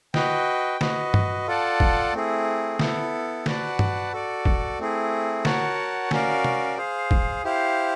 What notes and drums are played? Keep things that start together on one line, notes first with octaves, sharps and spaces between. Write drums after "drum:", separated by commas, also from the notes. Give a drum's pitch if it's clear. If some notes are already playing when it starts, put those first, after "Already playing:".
F#4 B4 D#5 G5, drum: snare
F#4 B4 D#5, drum: snare
drum: tom G2
F4 A4 D5 F#5 A5
drum: kick G#1
A3 C4 E4 G#4
B3 E4 A4, drum: snare
F#4 B4 D5 F#5 A5, drum: snare
drum: tom G2
F#4 A4 D5
drum: kick G#1
A3 C4 E4 G#4
F#4 A#4 C#5 F#5 A5, drum: snare
C#4 F#4 A#4 D5 F5, drum: snare
drum: tom C3
G#4 C5 F5
drum: kick G#1
E4 G4 C5 F5